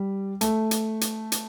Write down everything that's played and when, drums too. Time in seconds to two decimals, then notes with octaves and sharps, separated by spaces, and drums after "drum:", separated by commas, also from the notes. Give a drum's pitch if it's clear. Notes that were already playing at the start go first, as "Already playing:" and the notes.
Already playing: G3
0.41 A3, drum: hi-hat
0.71 drum: hi-hat
1.01 drum: hi-hat
1.32 drum: hi-hat